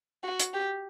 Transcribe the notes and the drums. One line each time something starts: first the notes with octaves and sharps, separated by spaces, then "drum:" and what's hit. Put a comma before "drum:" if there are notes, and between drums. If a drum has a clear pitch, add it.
F#4
drum: hi-hat
G4